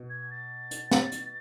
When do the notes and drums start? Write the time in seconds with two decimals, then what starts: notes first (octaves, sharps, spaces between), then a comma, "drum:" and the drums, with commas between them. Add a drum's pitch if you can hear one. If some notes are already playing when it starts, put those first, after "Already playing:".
Already playing: B2
0.10 G#6
0.31 A6
0.71 drum: hi-hat
0.91 drum: snare
1.12 drum: hi-hat